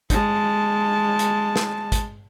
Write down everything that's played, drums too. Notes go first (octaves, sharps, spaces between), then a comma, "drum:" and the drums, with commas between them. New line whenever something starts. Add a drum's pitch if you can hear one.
G#3 A5, drum: kick, hi-hat
drum: hi-hat
drum: snare
drum: kick, hi-hat